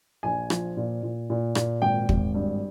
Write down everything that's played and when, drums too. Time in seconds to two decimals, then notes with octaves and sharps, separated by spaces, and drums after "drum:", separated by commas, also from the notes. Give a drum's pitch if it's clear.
0.23 A#1 G#5
0.50 F3, drum: rim click
0.77 A#2
1.03 A#2
1.30 A#2
1.55 A#2, drum: rim click
1.82 G#1 G5
2.09 G#1, drum: kick
2.34 G2